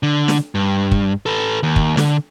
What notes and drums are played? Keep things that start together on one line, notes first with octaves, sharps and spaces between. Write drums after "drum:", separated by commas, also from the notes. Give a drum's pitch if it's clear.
D3
drum: snare
G2
drum: kick
A4 B4
D#2
drum: kick
D3, drum: snare